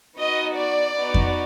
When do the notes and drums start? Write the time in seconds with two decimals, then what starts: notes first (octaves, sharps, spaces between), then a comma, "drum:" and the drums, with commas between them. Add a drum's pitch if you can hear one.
0.17 B3 D#4 F#4 D#5
0.56 D5
0.95 B3 D#4 F#4
1.14 drum: kick F2